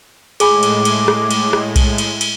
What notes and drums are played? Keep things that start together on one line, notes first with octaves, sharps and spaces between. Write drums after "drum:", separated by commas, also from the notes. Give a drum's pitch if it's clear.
A2 G#3 G#4 G#5 B5 D6, drum: cymbal
drum: cymbal
drum: cymbal
drum: rim click
drum: cymbal
drum: rim click
drum: kick B1, cymbal
drum: cymbal
drum: cymbal